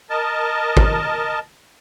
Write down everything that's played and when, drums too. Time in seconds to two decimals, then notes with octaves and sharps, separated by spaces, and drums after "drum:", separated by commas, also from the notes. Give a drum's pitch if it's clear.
0.10 A#4 D#5 A5
0.77 drum: kick